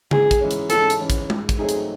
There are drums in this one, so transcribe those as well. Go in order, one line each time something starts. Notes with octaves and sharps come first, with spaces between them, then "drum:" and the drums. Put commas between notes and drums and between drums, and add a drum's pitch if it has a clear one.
G#2 G#4, drum: tom C#3
drum: kick, hi-hat
E3 G#3 C#4
drum: hi-hat
G#2 A4, drum: hi-hat
drum: hi-hat
E3 G#3 C#4
drum: kick, hi-hat
G#2, drum: tom G#3
drum: kick, hi-hat
F#3 A3 C4 D#4 G#4
drum: hi-hat